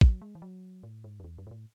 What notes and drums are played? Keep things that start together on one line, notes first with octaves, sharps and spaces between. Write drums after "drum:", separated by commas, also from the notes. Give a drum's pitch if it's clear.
F#3, drum: kick
G#3
E3
F#3
A2
G#2
F#2
E2
F#2
G#2
A2